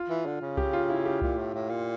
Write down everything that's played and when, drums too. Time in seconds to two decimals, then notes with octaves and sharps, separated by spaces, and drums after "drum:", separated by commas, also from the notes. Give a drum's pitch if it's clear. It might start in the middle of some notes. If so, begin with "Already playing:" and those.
Already playing: F4
0.10 E3
0.26 D3
0.41 C#3
0.57 G4, drum: kick C2
0.73 F4
0.90 E4
1.06 G4
1.22 A#2, drum: kick C2
1.37 A2
1.54 A2
1.69 A#2